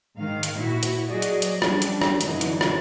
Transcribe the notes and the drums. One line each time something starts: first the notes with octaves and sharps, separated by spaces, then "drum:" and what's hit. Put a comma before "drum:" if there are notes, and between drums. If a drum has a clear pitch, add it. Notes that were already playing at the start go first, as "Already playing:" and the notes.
G#2 D#3 F5
drum: hi-hat
A#2 E4 F#4
drum: hi-hat
F#3 F#4 G#4 D5 D#5
drum: hi-hat
drum: hi-hat
F3 G3 C#4 D4, drum: rim click
drum: hi-hat
drum: rim click
F#2 B2 D3 E3 F#3 D#4, drum: hi-hat
drum: hi-hat
drum: rim click